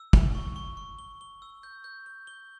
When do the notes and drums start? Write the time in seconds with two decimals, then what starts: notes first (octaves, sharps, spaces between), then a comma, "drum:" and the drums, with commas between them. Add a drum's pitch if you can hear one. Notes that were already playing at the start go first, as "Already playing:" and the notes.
Already playing: E6
0.13 G7, drum: kick
0.35 C#6
0.56 C#6
0.77 C#6
0.99 G7
1.21 G7
1.42 E6
1.63 G6
1.84 G6
2.06 G6
2.27 G7